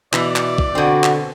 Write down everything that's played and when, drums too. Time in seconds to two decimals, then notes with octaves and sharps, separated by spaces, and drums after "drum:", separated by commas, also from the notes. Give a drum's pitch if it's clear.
0.13 B2 E3 D5, drum: clap
0.36 drum: clap
0.58 drum: kick
0.75 B2 D3 C4 F#4
1.04 drum: clap